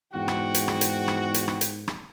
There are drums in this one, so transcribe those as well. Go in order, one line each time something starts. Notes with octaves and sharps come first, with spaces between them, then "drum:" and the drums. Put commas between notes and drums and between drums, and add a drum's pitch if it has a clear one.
E2 G#2 F#4 G5
drum: rim click
drum: hi-hat
drum: rim click
drum: hi-hat
drum: rim click
drum: hi-hat
drum: rim click
drum: hi-hat
drum: rim click